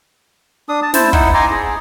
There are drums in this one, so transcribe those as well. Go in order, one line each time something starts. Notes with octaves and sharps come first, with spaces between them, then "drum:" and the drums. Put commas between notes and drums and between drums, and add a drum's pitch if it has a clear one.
D4 D#6
A5
E4 C5 A5, drum: snare
D#4 E4 F#5, drum: kick
G#5 A#5 C6 D6
G#4